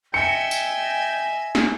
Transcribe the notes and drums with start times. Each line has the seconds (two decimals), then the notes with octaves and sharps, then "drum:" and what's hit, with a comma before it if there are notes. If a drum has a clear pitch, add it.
0.14 D#5 E5 G5 G#5 C#7
0.51 drum: tambourine
1.55 drum: snare